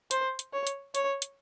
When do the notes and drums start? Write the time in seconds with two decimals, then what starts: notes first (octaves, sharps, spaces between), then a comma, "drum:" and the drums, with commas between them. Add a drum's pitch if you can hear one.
0.11 C5, drum: hi-hat
0.39 drum: hi-hat
0.53 C#5
0.67 drum: hi-hat
0.95 C#5, drum: hi-hat
1.22 drum: hi-hat